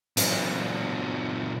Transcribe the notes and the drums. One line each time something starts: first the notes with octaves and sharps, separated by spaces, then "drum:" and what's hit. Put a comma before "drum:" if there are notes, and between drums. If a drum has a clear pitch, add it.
A#2 F#3, drum: hi-hat